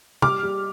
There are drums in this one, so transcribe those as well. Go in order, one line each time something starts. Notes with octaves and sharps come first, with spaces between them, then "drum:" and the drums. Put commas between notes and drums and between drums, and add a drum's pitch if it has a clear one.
G3 D6 F6, drum: tom
G3